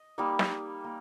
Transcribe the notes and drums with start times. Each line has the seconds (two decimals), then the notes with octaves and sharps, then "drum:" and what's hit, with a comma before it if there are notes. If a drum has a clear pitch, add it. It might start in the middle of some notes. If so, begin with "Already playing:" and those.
Already playing: D#5
0.18 G3 A#3 D#4
0.39 drum: snare
0.84 A#3